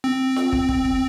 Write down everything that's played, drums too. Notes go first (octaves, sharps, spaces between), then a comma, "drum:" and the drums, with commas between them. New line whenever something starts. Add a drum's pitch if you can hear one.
C4
drum: snare F4
drum: kick
drum: kick
drum: kick